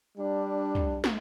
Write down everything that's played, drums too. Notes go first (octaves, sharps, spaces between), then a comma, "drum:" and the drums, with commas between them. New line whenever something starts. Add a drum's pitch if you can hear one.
G3 D4
drum: tom
drum: snare